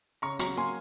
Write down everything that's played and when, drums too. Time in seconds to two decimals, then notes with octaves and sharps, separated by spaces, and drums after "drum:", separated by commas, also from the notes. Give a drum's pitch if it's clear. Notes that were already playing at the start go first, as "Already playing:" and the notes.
0.22 C#3 A#5 C#6
0.39 F#3 A#5 C#6, drum: hi-hat
0.57 A#3 G#5 C6